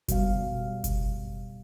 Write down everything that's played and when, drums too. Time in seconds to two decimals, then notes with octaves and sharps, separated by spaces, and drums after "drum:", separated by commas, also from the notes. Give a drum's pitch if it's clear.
0.08 B2 G3 F5, drum: kick F#1, hi-hat
0.84 drum: kick F#1, hi-hat